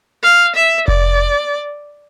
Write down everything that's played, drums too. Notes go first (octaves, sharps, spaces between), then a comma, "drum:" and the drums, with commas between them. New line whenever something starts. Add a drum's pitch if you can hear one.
F5
E5
D5, drum: kick F1